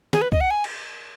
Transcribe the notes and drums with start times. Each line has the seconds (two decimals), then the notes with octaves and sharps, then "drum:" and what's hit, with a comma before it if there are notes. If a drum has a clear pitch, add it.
0.13 G#4, drum: snare
0.22 B4
0.32 D#5, drum: kick
0.41 F#5
0.51 G#5
0.64 drum: cymbal